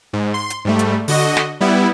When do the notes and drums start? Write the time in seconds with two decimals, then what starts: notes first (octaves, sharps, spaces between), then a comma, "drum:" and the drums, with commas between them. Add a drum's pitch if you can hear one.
0.13 G#2
0.34 C6
0.50 drum: hi-hat
0.65 G#2 G3 A3
0.79 drum: hi-hat
1.08 D3 F#4 D#5, drum: open hi-hat
1.37 drum: snare
1.61 G3 B3 E4